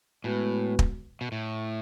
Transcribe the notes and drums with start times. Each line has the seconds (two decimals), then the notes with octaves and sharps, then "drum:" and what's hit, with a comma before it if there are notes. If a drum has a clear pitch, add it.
0.24 A2 G#3 B3 F#4 B4
0.79 drum: kick
1.21 B2
1.32 A2